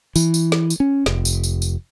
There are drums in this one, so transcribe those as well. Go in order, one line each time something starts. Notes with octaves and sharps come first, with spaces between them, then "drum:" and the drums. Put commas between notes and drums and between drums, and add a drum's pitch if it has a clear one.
E3, drum: tambourine
drum: tambourine
drum: snare
drum: tambourine
C#4
F1, drum: snare
drum: tambourine
drum: tambourine
drum: tambourine